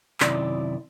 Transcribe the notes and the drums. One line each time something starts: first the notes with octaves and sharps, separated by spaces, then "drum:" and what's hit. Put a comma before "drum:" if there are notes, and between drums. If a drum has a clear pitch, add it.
F#2 C3 D#3 E4 D5 C6, drum: clap